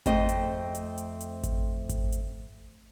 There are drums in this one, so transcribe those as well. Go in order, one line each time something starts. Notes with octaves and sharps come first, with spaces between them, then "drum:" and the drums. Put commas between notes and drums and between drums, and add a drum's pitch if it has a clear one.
F2 A3 C4 D#5, drum: kick G#1, hi-hat
drum: hi-hat
drum: hi-hat
drum: hi-hat
drum: hi-hat
drum: kick G#1, hi-hat
drum: kick G#1, hi-hat
drum: hi-hat